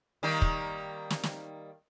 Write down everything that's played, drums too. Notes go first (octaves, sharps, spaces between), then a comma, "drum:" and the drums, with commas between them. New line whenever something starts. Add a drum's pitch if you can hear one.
D#3 G3 A#3
drum: kick
drum: snare
drum: snare